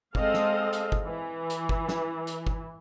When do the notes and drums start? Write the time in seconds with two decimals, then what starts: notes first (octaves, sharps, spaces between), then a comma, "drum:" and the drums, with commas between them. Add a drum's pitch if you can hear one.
0.15 G#3 C4 A4 D#5 F5, drum: kick G1
0.34 drum: snare
0.73 drum: hi-hat
0.92 drum: kick G1
1.05 E3
1.50 drum: hi-hat
1.69 drum: kick G1
1.89 drum: snare
2.27 drum: hi-hat
2.47 drum: kick G1